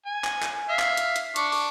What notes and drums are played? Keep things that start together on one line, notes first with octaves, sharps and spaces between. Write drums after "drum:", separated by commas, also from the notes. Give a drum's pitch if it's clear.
G#5
drum: clap
drum: clap
E5 F5
drum: clap
drum: hi-hat
drum: hi-hat
D4 C#6, drum: hi-hat
drum: open hi-hat